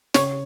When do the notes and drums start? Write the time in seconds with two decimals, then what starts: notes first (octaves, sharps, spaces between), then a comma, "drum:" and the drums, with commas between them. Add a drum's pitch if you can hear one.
0.14 C#3 C#5, drum: snare